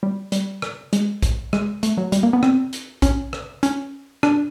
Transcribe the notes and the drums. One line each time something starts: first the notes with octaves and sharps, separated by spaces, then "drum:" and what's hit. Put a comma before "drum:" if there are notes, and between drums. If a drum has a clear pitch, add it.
G3
G3, drum: hi-hat
drum: rim click
G#3, drum: hi-hat
drum: kick A#1, hi-hat
G#3, drum: rim click
A3, drum: hi-hat
F#3
G3, drum: hi-hat
A#3
B3
C4, drum: rim click
drum: hi-hat
C#4, drum: kick A#1, hi-hat
drum: rim click
C#4, drum: hi-hat
D4, drum: rim click